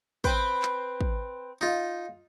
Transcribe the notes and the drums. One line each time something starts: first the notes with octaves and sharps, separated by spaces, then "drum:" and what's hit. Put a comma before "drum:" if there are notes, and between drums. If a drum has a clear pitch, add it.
C4 B4 C5 G5, drum: kick
drum: clap
drum: kick
D#4 F4